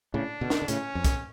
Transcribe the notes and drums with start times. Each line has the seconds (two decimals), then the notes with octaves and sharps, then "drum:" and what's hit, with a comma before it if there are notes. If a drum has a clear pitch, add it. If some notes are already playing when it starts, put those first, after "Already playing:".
0.14 A2 C#3 D4
0.41 B2 D3
0.50 drum: snare
0.62 D3
0.68 A2 C#3 C#4, drum: hi-hat
0.95 F2
1.04 drum: kick, hi-hat